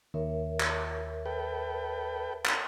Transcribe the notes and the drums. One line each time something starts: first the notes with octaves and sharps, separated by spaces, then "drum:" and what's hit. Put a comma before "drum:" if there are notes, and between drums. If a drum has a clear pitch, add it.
D#2 A#4 C#5 E5
drum: clap
A4 B4 G5
drum: clap